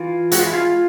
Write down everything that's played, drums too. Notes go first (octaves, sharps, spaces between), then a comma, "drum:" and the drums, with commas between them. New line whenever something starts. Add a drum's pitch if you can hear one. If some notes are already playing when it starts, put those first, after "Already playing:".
Already playing: E3 F4
G#3 F#4, drum: hi-hat
F4
E4
F4